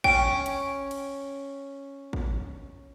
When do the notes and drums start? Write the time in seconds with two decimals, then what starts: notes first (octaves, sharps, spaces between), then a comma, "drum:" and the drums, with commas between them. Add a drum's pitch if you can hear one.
0.04 C#4 G5, drum: kick
0.46 drum: hi-hat
0.91 drum: cymbal
2.13 drum: kick